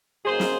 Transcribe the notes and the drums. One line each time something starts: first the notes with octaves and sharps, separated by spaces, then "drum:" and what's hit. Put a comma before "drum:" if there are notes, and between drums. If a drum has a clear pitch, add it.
C#3 F#3 A#3 D#4 G#4 C5
drum: snare